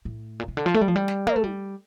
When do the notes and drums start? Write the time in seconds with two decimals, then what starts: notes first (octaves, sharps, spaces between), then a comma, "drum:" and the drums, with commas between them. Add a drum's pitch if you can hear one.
0.05 A2
0.40 A#2
0.48 C3
0.57 D3
0.66 F3
0.74 A3
0.81 G3
0.88 F3
0.96 G3
1.08 drum: snare
1.27 A#3, drum: tom
1.36 A3
1.44 G3